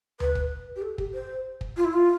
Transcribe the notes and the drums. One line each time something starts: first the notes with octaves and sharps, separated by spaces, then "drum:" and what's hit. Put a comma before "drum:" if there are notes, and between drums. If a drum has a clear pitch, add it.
B4, drum: tom D2
drum: kick
G4
A4
G4, drum: kick
C5
drum: kick
F4
E4
F4